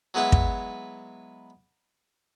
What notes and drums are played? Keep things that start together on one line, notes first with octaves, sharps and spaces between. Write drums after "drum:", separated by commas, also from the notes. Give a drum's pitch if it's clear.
F#3 G#3 B3 E4 B4
drum: kick